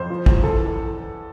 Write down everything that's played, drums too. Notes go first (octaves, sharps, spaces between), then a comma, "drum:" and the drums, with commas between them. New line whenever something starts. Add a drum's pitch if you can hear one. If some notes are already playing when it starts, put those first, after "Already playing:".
Already playing: F2 C5
F3
E2, drum: kick
E3 A4